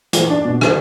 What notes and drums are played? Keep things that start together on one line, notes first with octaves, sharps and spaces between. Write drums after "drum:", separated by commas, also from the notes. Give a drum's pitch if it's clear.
E3, drum: hi-hat
D4
B2
D3, drum: rim click